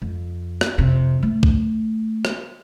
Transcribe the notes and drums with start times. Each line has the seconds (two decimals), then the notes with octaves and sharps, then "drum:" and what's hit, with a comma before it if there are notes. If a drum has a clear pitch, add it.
0.02 F2
0.61 drum: rim click
0.78 F2 C3
1.23 A3
1.43 drum: kick
2.25 drum: rim click